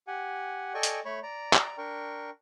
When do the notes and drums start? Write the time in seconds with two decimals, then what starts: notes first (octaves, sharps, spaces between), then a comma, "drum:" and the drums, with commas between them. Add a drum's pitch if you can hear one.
0.07 G4 F#5 G#5
0.74 A4 D5 D#5 G5 G#5 C#6
0.83 drum: hi-hat
1.05 A3 C#5 B5 C#6
1.23 D5 A#5
1.53 drum: clap
1.78 D4 A#4 G5 C#6